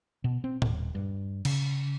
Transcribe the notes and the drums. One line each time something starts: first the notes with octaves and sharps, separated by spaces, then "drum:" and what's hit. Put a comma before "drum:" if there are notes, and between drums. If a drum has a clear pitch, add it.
B2
C4
D#1, drum: tom
G2
C#3, drum: cymbal